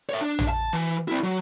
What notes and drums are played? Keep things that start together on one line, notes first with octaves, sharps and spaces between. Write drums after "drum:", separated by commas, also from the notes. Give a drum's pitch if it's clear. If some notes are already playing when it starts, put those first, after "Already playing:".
C#5 E5
D4
drum: tom
A5
E3
C4 E4
F#3